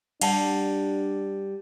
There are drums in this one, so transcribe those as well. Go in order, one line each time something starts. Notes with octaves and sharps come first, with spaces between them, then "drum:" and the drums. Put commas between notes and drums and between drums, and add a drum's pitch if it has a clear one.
G3 D4 F#5 A5, drum: cymbal